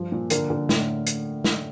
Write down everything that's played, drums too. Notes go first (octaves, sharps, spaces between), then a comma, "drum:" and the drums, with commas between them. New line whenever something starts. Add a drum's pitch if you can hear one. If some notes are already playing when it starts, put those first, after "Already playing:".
Already playing: G2 F3
A#2
D3 A#4, drum: hi-hat
D3
A2, drum: snare
drum: hi-hat
drum: snare